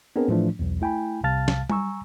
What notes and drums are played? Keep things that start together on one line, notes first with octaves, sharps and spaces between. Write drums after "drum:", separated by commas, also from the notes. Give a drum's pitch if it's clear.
B3 C4 D4 G#4 A#4
A2 E3 F3 A3 D4
B1 E2
A3 E4 G5 G#5 B5
C2 C3 F5 A5 F6 A6
drum: snare
G#5 A#5 C#6 E6, drum: tom G3